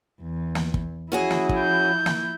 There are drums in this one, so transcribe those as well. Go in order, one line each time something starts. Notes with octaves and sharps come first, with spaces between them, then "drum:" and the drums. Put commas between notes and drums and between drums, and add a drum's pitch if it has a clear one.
E2
drum: snare
drum: kick
F3 C#4 E4 F#4 G#4
drum: snare
drum: kick
G6
drum: snare